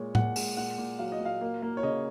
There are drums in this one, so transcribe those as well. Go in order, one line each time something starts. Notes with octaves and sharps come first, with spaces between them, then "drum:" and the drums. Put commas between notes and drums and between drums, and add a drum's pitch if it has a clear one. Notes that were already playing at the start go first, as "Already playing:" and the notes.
Already playing: A#2 G#3 C#5
A#2 F#5, drum: tom A2
G#3, drum: open hi-hat
A#2 F#5
A#2
F#3 F5
D#5
A#2
F5
A#3
A#3
C#5
C#3 D#5